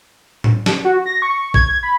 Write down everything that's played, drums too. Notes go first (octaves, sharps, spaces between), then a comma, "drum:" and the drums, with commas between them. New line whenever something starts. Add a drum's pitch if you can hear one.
drum: tom A2
drum: snare C#4
F#4
A#6
C#6
G#6, drum: kick
B5